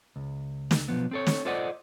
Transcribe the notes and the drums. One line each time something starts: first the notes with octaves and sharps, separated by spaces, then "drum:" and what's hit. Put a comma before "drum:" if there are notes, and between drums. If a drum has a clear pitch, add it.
C#2
drum: snare
B1 E2 F3 B3
C4 A4 C#5
drum: snare
F4 A4 C5 D5 D#5 F#5